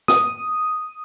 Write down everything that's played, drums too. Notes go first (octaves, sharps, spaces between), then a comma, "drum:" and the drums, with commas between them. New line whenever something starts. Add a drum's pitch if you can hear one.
D#6, drum: snare